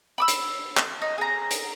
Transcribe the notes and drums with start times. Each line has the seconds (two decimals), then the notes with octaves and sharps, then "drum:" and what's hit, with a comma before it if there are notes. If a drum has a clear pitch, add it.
0.18 B5 D6 E6
0.28 drum: hi-hat
0.77 drum: clap
1.02 D#4
1.18 G#4 A#5
1.51 drum: hi-hat